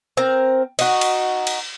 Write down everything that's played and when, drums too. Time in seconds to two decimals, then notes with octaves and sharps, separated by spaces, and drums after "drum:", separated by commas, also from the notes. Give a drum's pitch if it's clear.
0.17 C4 A#4
0.79 D#4 F#4, drum: cymbal
1.01 drum: cymbal
1.47 drum: cymbal